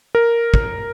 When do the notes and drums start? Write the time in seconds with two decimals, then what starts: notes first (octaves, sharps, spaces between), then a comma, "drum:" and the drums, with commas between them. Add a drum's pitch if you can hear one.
0.15 A#4
0.54 drum: kick